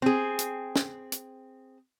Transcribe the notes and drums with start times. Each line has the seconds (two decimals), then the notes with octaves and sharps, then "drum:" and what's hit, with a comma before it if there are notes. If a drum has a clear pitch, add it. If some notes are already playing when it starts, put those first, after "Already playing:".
0.02 C4 G#4
0.39 drum: hi-hat
0.76 drum: snare
1.12 drum: hi-hat